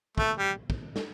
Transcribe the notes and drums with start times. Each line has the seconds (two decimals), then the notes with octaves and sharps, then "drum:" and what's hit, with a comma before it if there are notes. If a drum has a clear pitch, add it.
0.18 A3, drum: kick
0.37 G3
0.70 drum: kick
0.96 drum: snare